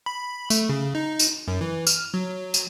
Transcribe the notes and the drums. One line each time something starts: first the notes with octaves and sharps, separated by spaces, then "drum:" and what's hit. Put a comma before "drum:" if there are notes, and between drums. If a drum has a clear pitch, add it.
B5
A3, drum: tambourine
C#3
D#4
drum: tambourine
F#2
E3
F6, drum: tambourine
F#3
drum: tambourine